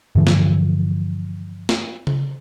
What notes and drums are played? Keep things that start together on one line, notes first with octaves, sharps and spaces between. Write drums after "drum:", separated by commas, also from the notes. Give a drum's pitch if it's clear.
G2 D3 E3 F3
drum: snare
drum: snare
drum: tom C#3